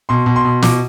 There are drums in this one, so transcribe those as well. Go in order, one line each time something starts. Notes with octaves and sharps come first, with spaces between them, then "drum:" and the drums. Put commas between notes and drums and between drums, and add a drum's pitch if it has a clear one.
B2 C6
B2
C6
B2
B2 D6, drum: snare